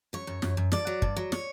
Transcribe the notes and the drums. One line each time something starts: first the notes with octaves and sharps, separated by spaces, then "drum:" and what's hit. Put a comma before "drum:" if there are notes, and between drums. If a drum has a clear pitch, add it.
F#2 C#5
F#2
F#2, drum: snare
F#2
G2 D5, drum: snare
F#3
G2, drum: kick
F#3
C#5, drum: snare